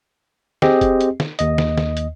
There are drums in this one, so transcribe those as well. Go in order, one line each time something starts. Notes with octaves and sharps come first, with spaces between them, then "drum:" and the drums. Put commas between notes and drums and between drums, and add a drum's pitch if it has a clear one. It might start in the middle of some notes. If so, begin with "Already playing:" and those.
C4 G4 G#4 D#5, drum: snare
drum: kick F1, hi-hat
drum: hi-hat
drum: snare
D#2 D#5, drum: hi-hat
drum: snare
drum: snare
drum: hi-hat